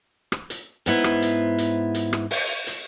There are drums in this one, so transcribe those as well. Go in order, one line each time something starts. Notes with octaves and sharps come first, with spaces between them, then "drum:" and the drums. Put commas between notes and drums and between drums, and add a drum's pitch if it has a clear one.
drum: rim click
drum: hi-hat
G#2 B3 E4 C5, drum: hi-hat
drum: rim click
drum: hi-hat
drum: hi-hat
drum: hi-hat
drum: rim click
drum: open hi-hat
drum: hi-hat